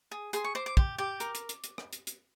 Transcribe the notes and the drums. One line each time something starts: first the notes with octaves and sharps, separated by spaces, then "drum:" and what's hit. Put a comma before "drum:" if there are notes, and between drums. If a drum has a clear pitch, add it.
G#4
G#4 C6, drum: hi-hat
C#6
C5 D6
D6
G4, drum: kick
G4 D6
A#4, drum: hi-hat
drum: hi-hat
drum: hi-hat
drum: hi-hat
drum: rim click
drum: hi-hat
drum: hi-hat